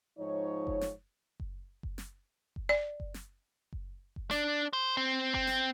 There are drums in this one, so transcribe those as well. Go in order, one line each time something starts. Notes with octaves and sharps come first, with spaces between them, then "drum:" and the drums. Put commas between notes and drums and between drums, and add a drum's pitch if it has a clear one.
G#2 F3 D#4 C#5
drum: kick F#1
drum: snare
drum: kick F#1
drum: kick F#1
drum: snare
drum: kick F#1
D5
drum: kick F#1
drum: snare
drum: kick F#1
drum: kick F#1
D4, drum: snare
C5
C4
C4, drum: kick F#1
drum: snare